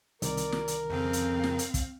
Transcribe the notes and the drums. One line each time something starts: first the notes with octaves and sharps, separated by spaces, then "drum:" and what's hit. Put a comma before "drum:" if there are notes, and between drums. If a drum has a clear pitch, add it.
C2 D#3 A#4 D5, drum: hi-hat
drum: hi-hat
drum: snare
drum: hi-hat
F2 C#3 C4 F5
drum: hi-hat
drum: snare
drum: hi-hat
drum: kick, hi-hat